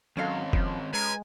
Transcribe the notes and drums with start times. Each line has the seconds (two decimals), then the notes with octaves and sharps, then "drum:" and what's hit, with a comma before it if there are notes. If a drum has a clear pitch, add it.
0.17 D#3 F#3 C4 C#4 A4 D#5 F5
0.53 F3, drum: kick
0.94 G#3 B4 G#5 A#5